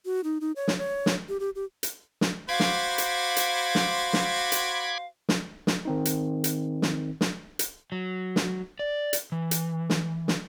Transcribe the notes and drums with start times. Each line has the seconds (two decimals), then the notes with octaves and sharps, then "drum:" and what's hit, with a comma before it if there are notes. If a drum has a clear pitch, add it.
0.05 F#4
0.24 D#4
0.41 D#4
0.56 C#5
0.68 drum: snare
0.78 C#5
1.06 drum: snare
1.29 G4
1.40 G4
1.55 G4
1.83 drum: hi-hat
2.21 drum: snare
2.49 F#4 C5 F5 B5 D6 G#6
2.60 drum: snare
2.98 drum: hi-hat
3.37 drum: hi-hat
3.75 drum: snare
4.13 drum: snare
4.52 drum: hi-hat
5.29 drum: snare
5.67 drum: snare
5.85 D#3 C4 D#4
6.05 drum: hi-hat
6.44 drum: hi-hat
6.82 drum: snare
7.21 drum: snare
7.59 drum: hi-hat
7.92 F#3
8.36 drum: snare
8.79 D5
9.13 drum: hi-hat
9.32 E3
9.51 drum: hi-hat
9.90 drum: snare
10.28 drum: snare